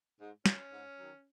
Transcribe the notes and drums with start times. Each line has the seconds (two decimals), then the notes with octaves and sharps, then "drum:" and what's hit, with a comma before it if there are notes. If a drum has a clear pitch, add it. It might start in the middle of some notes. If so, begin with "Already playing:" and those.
0.20 G#2
0.46 D#3 F#3 C#4, drum: snare
0.72 G#2
0.99 D#3 F#3